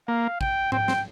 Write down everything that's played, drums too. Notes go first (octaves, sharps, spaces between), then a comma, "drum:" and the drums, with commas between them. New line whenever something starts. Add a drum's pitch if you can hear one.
A#3 F5
G5, drum: kick
C4 G5, drum: tom G#2
C4, drum: snare